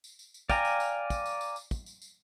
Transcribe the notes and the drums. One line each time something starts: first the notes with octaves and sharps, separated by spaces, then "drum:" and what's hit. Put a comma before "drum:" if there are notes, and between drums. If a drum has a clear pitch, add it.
drum: tambourine
drum: tambourine
drum: tambourine
D5 F5 G5 G#5 A#5, drum: kick, tambourine
drum: tambourine
drum: tambourine
drum: kick, tambourine
drum: tambourine
drum: tambourine
drum: tambourine
drum: kick, tambourine
drum: tambourine
drum: tambourine